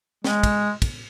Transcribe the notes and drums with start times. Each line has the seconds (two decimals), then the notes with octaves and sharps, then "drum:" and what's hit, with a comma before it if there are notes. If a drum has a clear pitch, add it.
0.24 G#3, drum: snare
0.43 drum: kick, cymbal
0.82 drum: kick, cymbal